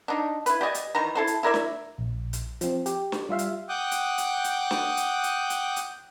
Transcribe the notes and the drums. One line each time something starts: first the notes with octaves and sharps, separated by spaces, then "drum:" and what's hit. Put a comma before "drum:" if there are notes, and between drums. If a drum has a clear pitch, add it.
D4 D#4
E4 B4, drum: hi-hat
G4 D5 D#5 G#5
drum: hi-hat
D#3 E3 A#5
E4 A4 C5
drum: hi-hat
E4 A#4 D5 E5
drum: snare
A#1
drum: hi-hat
F3 C4, drum: hi-hat
G4, drum: hi-hat
drum: snare
G3 F4 E5 F5
drum: hi-hat
F#5 G5 D6 D#6 F#6 G6
drum: hi-hat
drum: hi-hat
drum: hi-hat
drum: snare
drum: hi-hat
drum: hi-hat
drum: hi-hat
drum: hi-hat